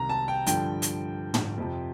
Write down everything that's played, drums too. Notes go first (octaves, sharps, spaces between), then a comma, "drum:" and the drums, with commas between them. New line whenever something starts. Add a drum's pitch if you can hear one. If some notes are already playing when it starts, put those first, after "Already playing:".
Already playing: C2 C3 D#3 A#5
A5
G5
G2 D3 F3 G5, drum: hi-hat
drum: hi-hat
drum: tom
F2 C3 F3